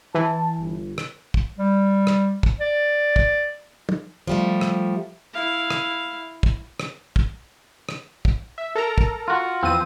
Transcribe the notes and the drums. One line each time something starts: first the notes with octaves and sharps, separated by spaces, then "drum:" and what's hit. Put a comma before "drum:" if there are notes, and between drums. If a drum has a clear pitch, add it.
E3 A5
G1
drum: rim click
drum: kick
G3
drum: rim click
drum: kick
D5
drum: kick
drum: tom
F3 G3 A3
drum: rim click
E4 F5
drum: rim click
drum: kick
drum: rim click
drum: kick
drum: rim click
drum: kick
E5
A4 A#4 A#5
drum: kick
F4 F#4
E2 F3 B3 C4 D#7